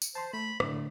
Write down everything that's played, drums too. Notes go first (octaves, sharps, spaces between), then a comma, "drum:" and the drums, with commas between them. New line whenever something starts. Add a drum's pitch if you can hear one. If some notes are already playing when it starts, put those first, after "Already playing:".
drum: tambourine
C5 A5 C6
A3 B5
A2 D3 A3, drum: rim click